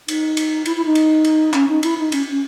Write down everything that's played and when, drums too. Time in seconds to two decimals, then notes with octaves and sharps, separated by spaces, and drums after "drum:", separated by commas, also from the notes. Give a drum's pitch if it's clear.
0.08 D#4, drum: cymbal
0.37 drum: cymbal
0.66 E4, drum: cymbal
0.76 E4
0.85 D#4
0.95 drum: cymbal
1.25 drum: cymbal
1.53 C#4, drum: clap
1.69 D#4
1.83 E4, drum: cymbal
1.98 D#4
2.12 C#4, drum: cymbal
2.31 C#4